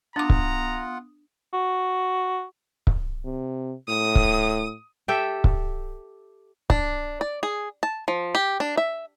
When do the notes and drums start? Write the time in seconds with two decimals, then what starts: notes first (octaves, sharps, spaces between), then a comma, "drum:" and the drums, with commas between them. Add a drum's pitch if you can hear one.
0.16 B3 D4 F4 F#5 A#5 D6 D#6
0.30 drum: kick C#1
1.54 F#4
2.87 drum: kick C#1
3.25 C3
3.89 A2 D#6
4.15 drum: kick C#1
5.08 G4 A4 E5 G5
5.44 drum: kick C#1
6.70 D4, drum: kick C#1
7.21 D5
7.43 G#4
7.83 A5
8.08 F3
8.35 G4
8.60 D4
8.77 E5